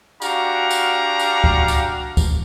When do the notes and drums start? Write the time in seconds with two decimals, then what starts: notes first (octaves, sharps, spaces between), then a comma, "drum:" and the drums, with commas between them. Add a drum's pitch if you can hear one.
0.22 D4 F#4 G4 F5 A#5, drum: tambourine
0.71 drum: tambourine
1.19 drum: tambourine
1.44 drum: kick C#2
1.68 drum: tambourine
2.17 drum: kick C#2, tambourine